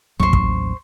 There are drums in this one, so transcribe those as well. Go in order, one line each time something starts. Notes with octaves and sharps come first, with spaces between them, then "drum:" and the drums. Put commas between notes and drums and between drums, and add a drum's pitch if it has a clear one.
A1 D#2 F#3 C5 C#6
drum: kick